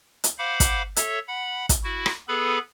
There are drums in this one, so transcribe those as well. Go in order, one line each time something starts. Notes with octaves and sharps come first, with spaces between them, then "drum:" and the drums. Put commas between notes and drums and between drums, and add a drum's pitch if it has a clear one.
drum: hi-hat
C5 F5 F#5 B5 D6
drum: kick, hi-hat
A4 C#5 E5, drum: hi-hat
F#5 B5
drum: kick, hi-hat
E4 F#4
drum: rim click
B3 G#4 A4 B4 B5